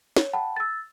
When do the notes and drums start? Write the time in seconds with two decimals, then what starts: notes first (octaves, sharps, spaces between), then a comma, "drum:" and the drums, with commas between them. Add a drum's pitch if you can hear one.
0.17 C#5, drum: snare
0.33 F#5 G5 A5 B5
0.56 E6 A6